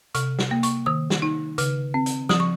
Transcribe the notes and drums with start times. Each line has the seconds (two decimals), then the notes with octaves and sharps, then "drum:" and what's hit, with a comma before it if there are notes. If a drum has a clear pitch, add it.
0.15 C3 F6, drum: hi-hat
0.39 drum: snare
0.51 A#3
0.63 C#6, drum: hi-hat
0.86 D#3 D#6
1.10 drum: snare
1.22 D#4
1.58 C#3 F6, drum: hi-hat
1.94 C4
2.06 drum: hi-hat
2.29 F3 D#6, drum: snare
2.40 C#6